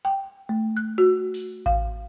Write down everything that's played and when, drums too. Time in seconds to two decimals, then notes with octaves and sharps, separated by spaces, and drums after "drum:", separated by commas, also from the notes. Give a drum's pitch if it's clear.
0.05 G5
0.49 A3
0.77 F#6
0.98 F#4
1.34 drum: open hi-hat
1.66 F5, drum: kick A1